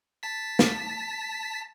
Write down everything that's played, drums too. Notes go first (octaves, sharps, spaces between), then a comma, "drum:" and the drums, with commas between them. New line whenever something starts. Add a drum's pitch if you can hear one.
A5 B6
drum: snare